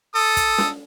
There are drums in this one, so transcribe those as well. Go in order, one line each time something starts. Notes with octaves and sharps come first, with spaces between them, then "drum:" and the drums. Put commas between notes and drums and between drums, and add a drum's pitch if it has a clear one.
A4 D#6
drum: kick, hi-hat
drum: snare